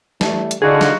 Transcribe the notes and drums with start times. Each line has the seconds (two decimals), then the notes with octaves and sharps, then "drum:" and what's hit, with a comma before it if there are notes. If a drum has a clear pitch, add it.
0.21 E3 G3 A3, drum: snare
0.51 drum: hi-hat
0.62 D3 D#4 F4 F#4 G#4
0.81 drum: snare